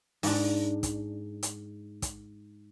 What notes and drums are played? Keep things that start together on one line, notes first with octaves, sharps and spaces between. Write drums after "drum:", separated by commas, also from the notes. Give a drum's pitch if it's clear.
G#2 D4, drum: open hi-hat
drum: kick, hi-hat
drum: hi-hat
drum: kick, hi-hat